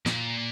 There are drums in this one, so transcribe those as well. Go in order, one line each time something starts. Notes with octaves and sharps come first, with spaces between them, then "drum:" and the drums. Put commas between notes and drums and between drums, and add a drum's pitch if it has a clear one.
A#2, drum: snare